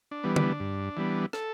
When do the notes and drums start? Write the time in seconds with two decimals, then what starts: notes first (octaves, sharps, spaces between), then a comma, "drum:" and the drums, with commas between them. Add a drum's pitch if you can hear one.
0.11 D4
0.24 E3 G3 B3
0.36 D4, drum: tom D3
0.60 G2
0.97 E3 G3 B3
1.33 A4, drum: rim click